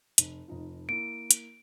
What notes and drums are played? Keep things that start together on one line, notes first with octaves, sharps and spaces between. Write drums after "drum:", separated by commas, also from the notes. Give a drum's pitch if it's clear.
F1, drum: hi-hat
F1 D#4 F4
A#3 E4 D7
drum: hi-hat